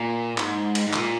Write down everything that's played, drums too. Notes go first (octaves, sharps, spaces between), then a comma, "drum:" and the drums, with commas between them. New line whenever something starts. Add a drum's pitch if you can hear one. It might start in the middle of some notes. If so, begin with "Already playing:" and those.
Already playing: A#2
G#2, drum: clap
drum: cymbal
G#2
A#2, drum: clap